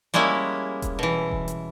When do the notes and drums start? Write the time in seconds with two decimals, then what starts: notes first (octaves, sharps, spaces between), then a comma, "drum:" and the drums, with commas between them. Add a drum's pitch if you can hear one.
0.14 G3 G#3 A#3 C#4 E4
0.82 drum: kick E1, hi-hat
0.99 B2 E3
1.31 drum: kick E1
1.48 drum: hi-hat